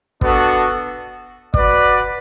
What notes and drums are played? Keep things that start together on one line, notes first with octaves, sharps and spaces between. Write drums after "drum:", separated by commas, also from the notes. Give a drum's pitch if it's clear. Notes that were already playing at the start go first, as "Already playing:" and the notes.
B3 D4 F#4 A4, drum: kick
F#4 B4 D5, drum: kick